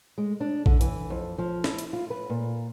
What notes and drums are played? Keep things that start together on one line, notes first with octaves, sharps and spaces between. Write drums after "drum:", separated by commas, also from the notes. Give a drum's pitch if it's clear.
G#3
D4
D3, drum: kick A#1
E3, drum: hi-hat
F2
F3
E4, drum: snare
drum: hi-hat
F4
B4
A#2